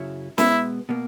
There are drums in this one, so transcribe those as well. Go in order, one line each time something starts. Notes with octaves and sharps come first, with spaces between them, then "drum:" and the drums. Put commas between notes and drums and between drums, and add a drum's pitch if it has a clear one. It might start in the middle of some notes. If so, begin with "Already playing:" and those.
Already playing: F#2 C#3 F#3 C#4 E4
B2 G#3 B3 E4, drum: snare
B2 A#3